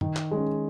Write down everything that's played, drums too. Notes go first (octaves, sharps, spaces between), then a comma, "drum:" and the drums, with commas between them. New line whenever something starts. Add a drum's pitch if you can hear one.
D#3, drum: tom
drum: clap
G#3 C#4